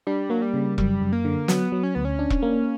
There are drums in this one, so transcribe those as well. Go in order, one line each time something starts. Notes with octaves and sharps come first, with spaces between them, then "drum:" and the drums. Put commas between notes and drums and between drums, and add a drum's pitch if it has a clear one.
G3 D4
F#3 A#3
G3
C#3
F#2 G3, drum: kick E1
F#2
A#3
D3
F#3 B3, drum: snare
F#3
C#4
D2 B3
C#4
D4
drum: kick E1
A#3